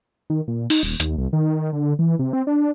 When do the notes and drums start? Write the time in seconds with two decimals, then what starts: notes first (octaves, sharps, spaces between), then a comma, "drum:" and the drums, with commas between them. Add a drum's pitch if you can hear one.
0.30 D#3
0.48 A#2
0.70 D#4, drum: open hi-hat
0.83 D#1
1.00 D#2, drum: hi-hat
1.18 C2
1.33 D#3
1.73 D3
1.99 E3
2.19 C3
2.33 C4
2.47 D4